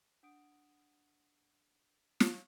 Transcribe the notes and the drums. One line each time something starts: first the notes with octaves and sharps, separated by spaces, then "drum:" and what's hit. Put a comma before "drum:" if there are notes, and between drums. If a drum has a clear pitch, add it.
D4 F#5 D#6 D7
drum: snare